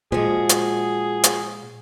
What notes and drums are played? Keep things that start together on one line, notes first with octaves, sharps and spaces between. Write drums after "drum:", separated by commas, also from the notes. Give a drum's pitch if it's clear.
A#2 F3 G#3 F#4 G#4
drum: hi-hat
drum: hi-hat